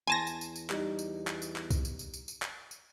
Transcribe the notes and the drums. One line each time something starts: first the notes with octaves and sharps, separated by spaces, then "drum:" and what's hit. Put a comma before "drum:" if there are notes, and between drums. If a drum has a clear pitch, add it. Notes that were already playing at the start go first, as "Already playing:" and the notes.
E2 G#5 A5 C6 A#6
drum: tambourine
drum: tambourine
drum: tambourine
G3 D#4, drum: clap
drum: tambourine
drum: clap
drum: tambourine
drum: clap
drum: kick C2, tambourine
drum: tambourine
drum: tambourine
drum: tambourine
drum: tambourine
drum: clap
drum: tambourine